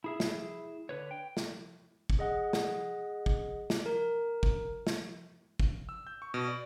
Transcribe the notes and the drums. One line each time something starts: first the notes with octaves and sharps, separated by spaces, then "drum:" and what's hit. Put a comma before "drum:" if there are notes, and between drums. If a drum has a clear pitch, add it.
E4 G#4 E5
drum: snare
D3 B4 C#5
G5
drum: snare
drum: kick
G#4 D#5 F#5
drum: snare
drum: kick
drum: snare
A#4
drum: kick
drum: snare
drum: kick
E6
G6
C#6
B2
D5